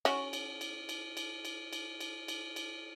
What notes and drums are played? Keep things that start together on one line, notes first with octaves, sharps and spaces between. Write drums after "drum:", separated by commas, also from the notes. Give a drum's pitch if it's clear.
C#4 F#4, drum: cymbal
drum: cymbal
drum: cymbal
drum: cymbal
drum: cymbal
drum: cymbal
drum: cymbal
drum: cymbal
drum: cymbal
drum: cymbal